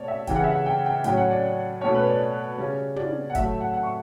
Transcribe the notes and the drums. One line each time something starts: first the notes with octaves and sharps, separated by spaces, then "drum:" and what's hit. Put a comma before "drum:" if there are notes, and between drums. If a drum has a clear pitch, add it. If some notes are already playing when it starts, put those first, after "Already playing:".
Already playing: B2 A3 C#4 C#5 D5
E5
C#3 E3 G3 G5, drum: kick F#1, hi-hat
F#5
E5
F#5
G5
G5
A2 F#3 C#4 G5, drum: hi-hat
F#5
D5
B2 A3 C#4 C#5
B4
D5
C#3 G3 C#4
D5, drum: tom
F#5
A2 F#3 A3 E5, drum: kick F#1, hi-hat
F#5
F#5
C#6